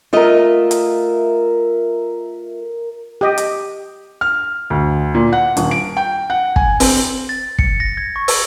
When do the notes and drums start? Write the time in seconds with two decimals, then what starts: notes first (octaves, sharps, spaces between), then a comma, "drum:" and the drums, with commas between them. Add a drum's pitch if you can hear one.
0.13 A3 F4 A#4 D#5 E5
0.71 drum: hi-hat
3.21 G4 D#5
3.38 drum: hi-hat
4.21 F6
4.70 D2
5.15 A#2
5.33 F#5
5.57 D#1, drum: hi-hat
5.71 D7
5.97 G5
6.30 F#5
6.56 G#5, drum: kick
6.80 C4, drum: open hi-hat
7.29 A6
7.59 C#7, drum: kick
7.80 A#6
7.97 G#6
8.16 C#6
8.28 E6, drum: open hi-hat